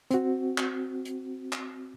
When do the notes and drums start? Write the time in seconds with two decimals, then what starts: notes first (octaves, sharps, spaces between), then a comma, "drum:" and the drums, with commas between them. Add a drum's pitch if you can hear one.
0.11 C4 F#4, drum: hi-hat
0.58 drum: clap
1.05 drum: hi-hat
1.53 drum: clap